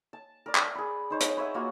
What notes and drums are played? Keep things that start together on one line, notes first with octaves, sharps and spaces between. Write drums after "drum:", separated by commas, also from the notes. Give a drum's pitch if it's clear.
A5
A#4 D5
drum: clap
G#4 B5
D#4 C5 C#5
drum: hi-hat
B4 C#5 E5 F#5
A#3 F4 F#4